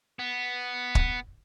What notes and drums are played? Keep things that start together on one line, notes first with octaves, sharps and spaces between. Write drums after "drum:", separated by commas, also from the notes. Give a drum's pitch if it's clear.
B3
drum: kick